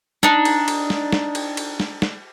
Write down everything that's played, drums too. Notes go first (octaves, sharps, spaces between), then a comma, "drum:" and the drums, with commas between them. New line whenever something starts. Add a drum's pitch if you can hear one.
D4 D#4, drum: snare
drum: cymbal
drum: cymbal
drum: snare
drum: snare
drum: cymbal
drum: cymbal
drum: snare
drum: snare